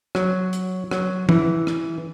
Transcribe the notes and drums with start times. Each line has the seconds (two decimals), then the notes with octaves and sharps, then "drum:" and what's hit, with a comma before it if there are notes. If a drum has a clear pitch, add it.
0.15 F#3, drum: rim click
0.53 drum: hi-hat
0.91 F#3, drum: rim click
1.29 E3, drum: tom
1.67 drum: rim click